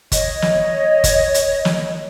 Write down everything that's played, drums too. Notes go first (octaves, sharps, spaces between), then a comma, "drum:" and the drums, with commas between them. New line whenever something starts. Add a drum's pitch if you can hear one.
C#5 D#5, drum: kick G1, hi-hat
drum: snare
drum: kick G1, hi-hat
drum: hi-hat
drum: snare